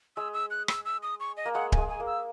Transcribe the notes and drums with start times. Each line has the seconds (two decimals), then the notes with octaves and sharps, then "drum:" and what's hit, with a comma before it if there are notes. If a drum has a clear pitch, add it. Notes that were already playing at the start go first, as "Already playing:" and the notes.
0.16 G#3 E6
0.33 E6
0.51 F#6
0.68 E6, drum: rim click
0.85 E6
1.03 D#6
1.20 C#6
1.37 D#5
1.45 A#3
1.54 G#3 F#5
1.72 G#5, drum: kick D1
1.77 G#3
1.89 G#5
2.00 A#3
2.07 E6